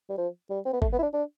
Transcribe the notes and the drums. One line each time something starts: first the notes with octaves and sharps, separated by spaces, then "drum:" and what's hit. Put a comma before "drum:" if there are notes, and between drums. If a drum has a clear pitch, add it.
G3
F3
G3
C4
B3
A3, drum: kick G#1
B3
E4
D4
D4